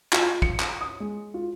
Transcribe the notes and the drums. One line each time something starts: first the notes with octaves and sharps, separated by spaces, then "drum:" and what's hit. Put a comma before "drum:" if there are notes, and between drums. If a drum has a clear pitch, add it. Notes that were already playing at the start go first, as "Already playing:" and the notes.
F4, drum: clap
C#7, drum: kick
drum: clap
D#6
G#3
F4